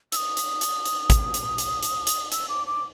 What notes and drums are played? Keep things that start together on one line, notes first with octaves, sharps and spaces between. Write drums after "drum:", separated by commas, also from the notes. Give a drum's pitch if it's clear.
E6, drum: hi-hat
D#6
drum: hi-hat
drum: hi-hat
drum: hi-hat
drum: kick, hi-hat
drum: hi-hat
drum: hi-hat
drum: hi-hat
drum: hi-hat
E6, drum: hi-hat
D6
D6